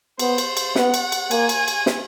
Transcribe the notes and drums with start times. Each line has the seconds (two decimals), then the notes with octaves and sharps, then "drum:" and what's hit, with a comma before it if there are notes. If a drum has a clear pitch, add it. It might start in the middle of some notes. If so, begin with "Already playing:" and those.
0.19 B3 C5, drum: cymbal
0.38 drum: cymbal
0.57 drum: cymbal
0.75 B3 F#5, drum: snare
0.94 drum: cymbal
1.12 drum: cymbal
1.31 A#3 G#5, drum: cymbal
1.49 drum: cymbal
1.68 drum: cymbal
1.86 drum: snare